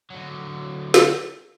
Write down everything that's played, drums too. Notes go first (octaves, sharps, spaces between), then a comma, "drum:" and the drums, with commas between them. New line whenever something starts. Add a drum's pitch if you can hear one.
D3 F#3
drum: snare